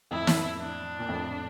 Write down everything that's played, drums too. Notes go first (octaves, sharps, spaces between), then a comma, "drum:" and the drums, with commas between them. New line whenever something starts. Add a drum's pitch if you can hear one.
F2 A2 E4
drum: snare
D4
A#2
F2 A2